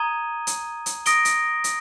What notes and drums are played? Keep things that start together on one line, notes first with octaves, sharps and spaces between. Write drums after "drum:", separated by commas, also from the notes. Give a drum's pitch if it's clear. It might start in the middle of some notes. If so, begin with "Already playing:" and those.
Already playing: A#5 D#6 G#6 D#7 G7
drum: hi-hat
drum: hi-hat
D#6 A#6 D7 G7, drum: hi-hat
drum: hi-hat
drum: hi-hat